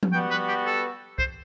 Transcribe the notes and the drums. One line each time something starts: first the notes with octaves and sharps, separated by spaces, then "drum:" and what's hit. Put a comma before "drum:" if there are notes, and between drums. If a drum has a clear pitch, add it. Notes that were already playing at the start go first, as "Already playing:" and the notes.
drum: tom F3
G3 B3 F#4 G5
B4
G4
A4
C5, drum: kick